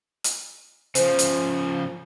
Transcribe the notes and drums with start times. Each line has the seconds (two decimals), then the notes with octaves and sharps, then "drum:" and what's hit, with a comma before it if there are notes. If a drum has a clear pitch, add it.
0.24 drum: hi-hat
0.95 C#3 F3 C5, drum: hi-hat
1.19 drum: hi-hat